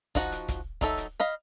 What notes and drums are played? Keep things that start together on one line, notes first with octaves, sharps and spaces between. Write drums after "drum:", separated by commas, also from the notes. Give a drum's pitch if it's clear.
F3 D#4 F#4 F#5, drum: kick, hi-hat
drum: hi-hat
drum: kick, hi-hat
F#3 D#4 A4 E5, drum: kick, hi-hat
drum: hi-hat
D#5 F5 B5